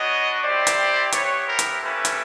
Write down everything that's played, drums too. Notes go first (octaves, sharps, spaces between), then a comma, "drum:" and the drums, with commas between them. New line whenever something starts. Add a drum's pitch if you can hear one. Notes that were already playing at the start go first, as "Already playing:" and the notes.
Already playing: B3 D4 F#4 C#5 D#5
C4 E4 G4 C5 D5
drum: hi-hat
B3 E4 G4 B4 C#5, drum: hi-hat
A#4 C5
drum: hi-hat
A#3 C#4 E4 G4 A4 B4
drum: hi-hat